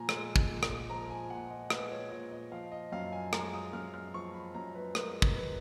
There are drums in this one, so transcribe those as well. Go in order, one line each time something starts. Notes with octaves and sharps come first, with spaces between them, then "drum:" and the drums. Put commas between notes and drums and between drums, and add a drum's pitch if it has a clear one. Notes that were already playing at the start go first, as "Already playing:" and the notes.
Already playing: A#2 F3 G#5 A#5
G#3, drum: rim click
drum: kick
A#2
drum: rim click
F3 A#5
G#5
A#2 F#5
D#5
G#3 B4, drum: rim click
C#5
A#2 D#5
D#5
F3 F5
D#5
F#2 F5
G#5
G#3 A#5, drum: rim click
D#6
F#2 F6
F6
F3 C#6
B5
F#2 A#5
B4
G#3 A#4, drum: rim click
drum: kick
B4